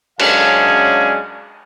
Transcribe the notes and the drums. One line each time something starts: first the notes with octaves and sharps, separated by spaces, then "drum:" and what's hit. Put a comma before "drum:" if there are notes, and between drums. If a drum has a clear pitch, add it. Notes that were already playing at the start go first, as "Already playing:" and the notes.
F#2 G#3 C#4 D4 F5 G#5, drum: cymbal